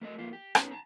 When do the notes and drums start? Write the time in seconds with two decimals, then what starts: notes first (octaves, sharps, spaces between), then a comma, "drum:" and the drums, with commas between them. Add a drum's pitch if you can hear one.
0.01 A3 A#4 C#5 D#5
0.19 F2 A#3 F4
0.33 G4
0.55 B3 C#4 D#4, drum: rim click
0.71 A5 A#5